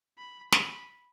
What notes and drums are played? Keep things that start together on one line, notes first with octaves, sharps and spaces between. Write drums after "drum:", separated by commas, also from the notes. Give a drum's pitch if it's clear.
B5
B5, drum: snare